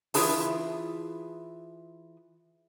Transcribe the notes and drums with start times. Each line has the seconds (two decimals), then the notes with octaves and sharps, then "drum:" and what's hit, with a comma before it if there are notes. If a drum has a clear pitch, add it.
0.14 E3 E4 F4 G#4 A5, drum: open hi-hat